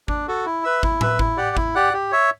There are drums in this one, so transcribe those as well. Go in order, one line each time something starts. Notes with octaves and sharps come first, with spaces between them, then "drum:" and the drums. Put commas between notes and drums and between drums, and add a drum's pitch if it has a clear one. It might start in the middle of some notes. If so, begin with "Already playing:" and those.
D4, drum: kick G#1
F#4 A4
E4
B4 E5
E4, drum: kick G#1
B4 E5, drum: tom A2
E4, drum: kick G#1
G4 D5 F#5
E4, drum: kick G#1
G4 D5 F#5
G4
C#5 E5